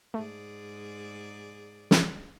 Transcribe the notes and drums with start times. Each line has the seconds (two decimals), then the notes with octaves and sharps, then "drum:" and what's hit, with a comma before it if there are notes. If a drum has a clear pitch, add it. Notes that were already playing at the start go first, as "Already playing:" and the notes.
0.14 G#2 A3 G#4 D5
1.91 drum: snare